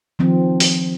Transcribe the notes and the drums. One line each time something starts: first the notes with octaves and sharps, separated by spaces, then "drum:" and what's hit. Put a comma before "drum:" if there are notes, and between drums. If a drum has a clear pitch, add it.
D#3 F3 C4
drum: open hi-hat